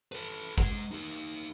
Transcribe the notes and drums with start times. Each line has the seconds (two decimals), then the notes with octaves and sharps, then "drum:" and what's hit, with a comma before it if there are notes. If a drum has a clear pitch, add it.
0.12 A4 B4
0.58 G#3 A#5, drum: kick
0.91 D#4 G4